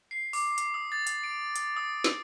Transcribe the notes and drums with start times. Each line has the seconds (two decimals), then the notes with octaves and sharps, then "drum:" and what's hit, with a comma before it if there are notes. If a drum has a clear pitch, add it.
0.11 C7
0.33 D6, drum: open hi-hat
0.58 drum: hi-hat
0.74 D#6
0.92 A6
1.07 drum: hi-hat
1.24 D7
1.56 drum: hi-hat
1.77 D#6
2.04 drum: snare